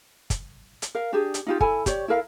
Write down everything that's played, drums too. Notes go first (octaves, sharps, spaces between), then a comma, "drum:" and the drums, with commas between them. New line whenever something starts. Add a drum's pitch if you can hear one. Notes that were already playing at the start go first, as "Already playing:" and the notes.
drum: kick, hi-hat
drum: hi-hat
A#4 F5
D4 G4 G#4
drum: hi-hat
D#4 F4 G4
E4 A4 G#5 B5, drum: kick
G4 C#5 D5, drum: kick, hi-hat
E4 A4 A#4 F5